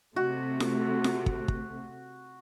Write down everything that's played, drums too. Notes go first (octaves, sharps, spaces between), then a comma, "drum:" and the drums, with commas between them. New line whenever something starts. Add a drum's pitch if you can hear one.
C3 A3 F#4
drum: snare F4
drum: snare F4
drum: kick
drum: kick